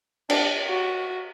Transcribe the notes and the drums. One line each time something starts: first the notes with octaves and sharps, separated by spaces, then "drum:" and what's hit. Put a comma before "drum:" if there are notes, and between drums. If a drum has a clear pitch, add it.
D4, drum: cymbal
F#4